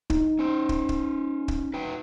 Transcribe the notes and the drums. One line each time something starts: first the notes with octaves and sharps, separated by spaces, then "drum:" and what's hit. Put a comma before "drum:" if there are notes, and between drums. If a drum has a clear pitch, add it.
D#4, drum: kick
C#4 C5
drum: kick
drum: kick
drum: kick
F#4 B4 G5